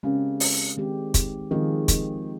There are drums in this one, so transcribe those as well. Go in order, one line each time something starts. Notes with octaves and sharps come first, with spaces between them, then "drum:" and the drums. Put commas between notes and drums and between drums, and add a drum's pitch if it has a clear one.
C#3 G#3 C4 G4 A#4
drum: open hi-hat
D#3 G#3 C4 G4
drum: kick, hi-hat
D#3 F3 G#3 C4 F4 G#4
drum: kick, hi-hat